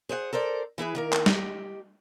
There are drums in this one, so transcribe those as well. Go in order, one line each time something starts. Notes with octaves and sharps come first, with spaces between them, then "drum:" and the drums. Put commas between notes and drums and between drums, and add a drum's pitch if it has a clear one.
G#4 C5 C#5 F#5
A4 A#4 C5 D5
E3 E4 G#4 B4
D#3 A#3 A#4
drum: clap
G4 D#5, drum: snare